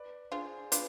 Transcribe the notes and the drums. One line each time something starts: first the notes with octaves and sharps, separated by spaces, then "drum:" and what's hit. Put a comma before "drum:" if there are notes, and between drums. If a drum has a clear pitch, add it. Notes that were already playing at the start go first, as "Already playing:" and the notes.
Already playing: B4 D5
D4 F4 G#4 C5
D4 F4 B4, drum: hi-hat